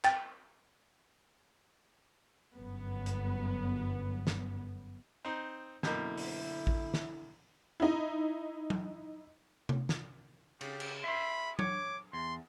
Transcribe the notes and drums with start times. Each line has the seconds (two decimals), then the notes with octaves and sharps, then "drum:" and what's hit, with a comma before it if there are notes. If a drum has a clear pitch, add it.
0.04 G5 A6, drum: clap
2.56 G1 F#2 B3
3.06 drum: hi-hat
4.27 drum: snare
5.25 C4 D#4
5.83 F#2 B2 D3 A#3 E4, drum: snare
6.17 drum: open hi-hat
6.67 drum: kick A1
6.94 drum: snare
7.80 D#4 E4
8.70 drum: tom F#3
9.69 drum: tom C3
9.89 drum: snare
10.61 C#3 G4, drum: cymbal
10.80 drum: cymbal
11.04 E5 B5 C6
11.59 C#5 D6, drum: tom F#3
12.13 E2 C6